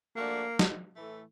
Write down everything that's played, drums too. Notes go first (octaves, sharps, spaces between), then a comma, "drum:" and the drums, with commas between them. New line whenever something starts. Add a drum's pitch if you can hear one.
F3 A3 A#3 D4 F#4
drum: snare
A2 E3 A3